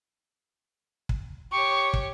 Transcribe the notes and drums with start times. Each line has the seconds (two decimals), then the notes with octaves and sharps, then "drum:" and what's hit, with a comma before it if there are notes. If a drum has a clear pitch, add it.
1.09 drum: kick
1.51 G4 C#5 C#6
1.94 drum: kick